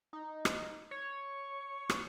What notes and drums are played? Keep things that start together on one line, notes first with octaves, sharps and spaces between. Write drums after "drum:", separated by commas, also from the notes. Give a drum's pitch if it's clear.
D#4
drum: rim click
C#5
drum: rim click